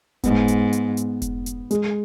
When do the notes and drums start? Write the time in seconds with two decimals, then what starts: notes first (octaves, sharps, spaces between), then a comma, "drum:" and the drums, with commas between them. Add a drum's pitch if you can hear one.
0.24 G#2 B3, drum: kick F1, hi-hat
0.48 drum: hi-hat
0.73 drum: hi-hat
0.97 drum: hi-hat
1.22 drum: kick F1, hi-hat
1.46 drum: hi-hat
1.71 G#3, drum: hi-hat